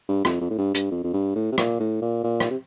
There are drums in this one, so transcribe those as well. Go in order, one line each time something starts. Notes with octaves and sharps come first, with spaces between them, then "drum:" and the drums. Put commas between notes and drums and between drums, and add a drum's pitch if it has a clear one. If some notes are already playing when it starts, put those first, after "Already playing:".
G2
F2, drum: rim click
F2
A2
G2
G2, drum: hi-hat
F2
F2
G2
A2
C3
A#2, drum: rim click
A2
A#2
A#2
drum: rim click
C3